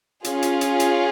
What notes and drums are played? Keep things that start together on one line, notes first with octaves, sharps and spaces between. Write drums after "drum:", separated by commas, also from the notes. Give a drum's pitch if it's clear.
C#4 F4 G#4, drum: hi-hat
drum: hi-hat
drum: hi-hat
drum: hi-hat